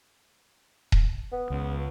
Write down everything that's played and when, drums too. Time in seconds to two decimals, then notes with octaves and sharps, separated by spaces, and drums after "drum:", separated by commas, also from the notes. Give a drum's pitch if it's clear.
0.92 drum: kick D#1
1.32 B3
1.50 C#2